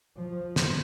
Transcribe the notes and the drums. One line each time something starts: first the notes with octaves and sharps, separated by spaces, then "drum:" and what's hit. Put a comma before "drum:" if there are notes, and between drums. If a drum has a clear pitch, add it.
F3
drum: snare